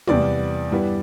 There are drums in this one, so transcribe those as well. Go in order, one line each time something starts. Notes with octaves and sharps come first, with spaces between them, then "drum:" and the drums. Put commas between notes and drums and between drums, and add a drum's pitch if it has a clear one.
E2 C3 G3 B3 D5, drum: tom
G2 E3 G3 B3